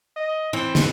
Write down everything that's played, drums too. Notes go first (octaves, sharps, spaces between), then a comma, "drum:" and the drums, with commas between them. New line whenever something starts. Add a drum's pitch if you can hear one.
D#5
E3 C4
drum: snare